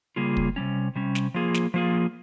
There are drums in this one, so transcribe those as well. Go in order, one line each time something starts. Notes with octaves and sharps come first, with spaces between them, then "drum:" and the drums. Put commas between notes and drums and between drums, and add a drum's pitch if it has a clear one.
C#3 G3 A#3 F4 G#4
drum: kick
C3 G3 C#4
C3 G3 C#4
drum: snare
F3 A#3 F4 G#4
drum: snare
F3 A#3 F4 G#4